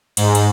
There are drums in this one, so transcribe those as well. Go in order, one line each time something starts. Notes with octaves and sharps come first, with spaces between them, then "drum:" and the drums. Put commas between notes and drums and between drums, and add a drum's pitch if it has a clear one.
G#2, drum: cymbal
drum: cymbal